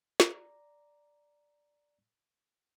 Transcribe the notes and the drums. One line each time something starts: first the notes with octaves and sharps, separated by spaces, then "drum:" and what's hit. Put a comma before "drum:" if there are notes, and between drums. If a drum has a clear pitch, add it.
D5 A#5, drum: snare